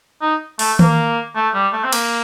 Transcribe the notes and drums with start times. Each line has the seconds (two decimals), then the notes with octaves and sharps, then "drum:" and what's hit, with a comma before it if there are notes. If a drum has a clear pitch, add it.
0.22 D#4
0.59 A3, drum: open hi-hat
0.79 A#3, drum: tom D#3
1.36 A3
1.54 G3
1.73 A3
1.84 C4
1.93 A#3, drum: cymbal